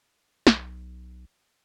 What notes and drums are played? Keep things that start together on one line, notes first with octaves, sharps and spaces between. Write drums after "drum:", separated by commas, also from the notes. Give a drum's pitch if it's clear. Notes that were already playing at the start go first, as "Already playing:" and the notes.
B1, drum: snare